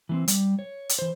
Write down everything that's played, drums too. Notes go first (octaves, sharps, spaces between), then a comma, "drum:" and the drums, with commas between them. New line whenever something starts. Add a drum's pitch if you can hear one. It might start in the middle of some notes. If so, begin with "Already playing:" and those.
E3 A#3 C4
G3, drum: hi-hat
C#5
drum: hi-hat
E3 C5